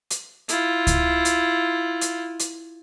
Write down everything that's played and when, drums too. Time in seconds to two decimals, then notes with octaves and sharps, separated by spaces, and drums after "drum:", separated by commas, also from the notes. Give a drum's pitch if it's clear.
0.10 drum: hi-hat
0.49 E4 F4, drum: hi-hat
0.87 drum: kick C#2, hi-hat
1.25 drum: hi-hat
2.01 drum: hi-hat
2.39 drum: hi-hat